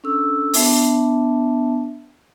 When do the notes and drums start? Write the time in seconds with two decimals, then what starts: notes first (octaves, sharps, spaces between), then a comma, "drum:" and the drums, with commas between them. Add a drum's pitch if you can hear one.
0.04 C#4 D4 A4 E6
0.53 B3 D4 E5 A5, drum: open hi-hat